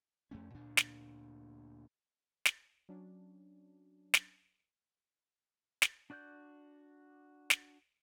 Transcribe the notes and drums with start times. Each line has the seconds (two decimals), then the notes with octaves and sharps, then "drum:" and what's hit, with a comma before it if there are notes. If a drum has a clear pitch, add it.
0.31 F2 A3 C#4
0.54 D2 A#2 D4
0.77 drum: snare
2.45 drum: snare
2.89 F#3 C#4 D4
4.14 drum: snare
5.82 drum: snare
6.10 D4 F#4 D5 F#6 G6
7.50 drum: snare